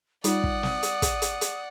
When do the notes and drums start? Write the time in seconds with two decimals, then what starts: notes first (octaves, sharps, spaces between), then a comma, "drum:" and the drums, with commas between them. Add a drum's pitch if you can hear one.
0.24 G3 D#4 F4 D5 F#5 D#6, drum: hi-hat
0.44 drum: kick
0.63 drum: snare
0.83 drum: hi-hat
1.02 drum: kick, hi-hat
1.22 drum: hi-hat
1.41 drum: hi-hat